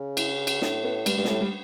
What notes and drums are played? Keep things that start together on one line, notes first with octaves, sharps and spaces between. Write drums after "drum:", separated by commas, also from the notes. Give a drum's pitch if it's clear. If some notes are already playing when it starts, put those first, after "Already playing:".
Already playing: C#3
E4, drum: cymbal
drum: cymbal
A2 D4, drum: snare
B3
G2 G3, drum: cymbal
G2 G3
B2, drum: snare
A2 G3
G3